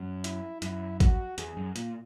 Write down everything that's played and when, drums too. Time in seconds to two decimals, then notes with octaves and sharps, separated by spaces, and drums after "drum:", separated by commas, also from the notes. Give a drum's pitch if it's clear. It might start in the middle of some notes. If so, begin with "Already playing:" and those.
Already playing: F#2
0.24 E4, drum: hi-hat
0.62 F#2 E4, drum: hi-hat
1.00 F#4, drum: kick, hi-hat
1.38 E2 G#4, drum: hi-hat
1.57 F#2
1.76 A#2, drum: hi-hat